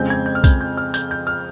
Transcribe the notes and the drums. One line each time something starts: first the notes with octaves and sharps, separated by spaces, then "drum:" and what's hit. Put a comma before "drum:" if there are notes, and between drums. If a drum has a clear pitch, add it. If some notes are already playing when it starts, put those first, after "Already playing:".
Already playing: F2 C#3 G#3 C4 G6
G#6
G6
F6
G6, drum: kick B1, tambourine
G6
F6
G6, drum: tambourine
G6
F6